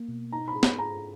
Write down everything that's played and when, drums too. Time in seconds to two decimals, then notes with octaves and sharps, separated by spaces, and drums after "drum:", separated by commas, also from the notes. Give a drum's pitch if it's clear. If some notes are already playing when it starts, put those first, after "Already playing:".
Already playing: A#3
0.09 B2
0.32 D#4 A#5
0.48 B5
0.55 G#4
0.63 B5, drum: snare
0.79 G#4 A#5